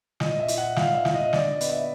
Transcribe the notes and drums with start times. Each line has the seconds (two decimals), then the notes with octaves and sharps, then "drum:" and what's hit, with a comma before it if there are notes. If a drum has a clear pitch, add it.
0.20 A#2 D#5, drum: snare
0.40 E5
0.48 A#2, drum: hi-hat
0.58 F#5
0.76 A#2 F5, drum: snare
0.95 E5
1.05 A#2, drum: snare
1.14 D#5
1.33 D3 D5, drum: snare
1.51 D#5
1.61 B3, drum: hi-hat
1.70 E5